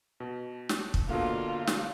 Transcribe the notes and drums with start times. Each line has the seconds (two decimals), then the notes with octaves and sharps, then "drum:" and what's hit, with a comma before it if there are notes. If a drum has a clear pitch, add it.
0.20 B2
0.69 drum: snare
0.94 drum: kick
1.09 B2 D3 A#3 F4
1.67 drum: snare